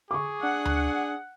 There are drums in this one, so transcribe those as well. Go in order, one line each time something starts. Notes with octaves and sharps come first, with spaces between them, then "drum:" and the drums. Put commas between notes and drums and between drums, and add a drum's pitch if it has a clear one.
G#4 C#6 D6
D4 F#5
drum: tom D2